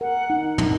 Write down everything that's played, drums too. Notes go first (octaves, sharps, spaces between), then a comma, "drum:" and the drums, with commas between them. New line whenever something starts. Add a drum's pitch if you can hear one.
A#4 F#5
D#4
D#4, drum: tom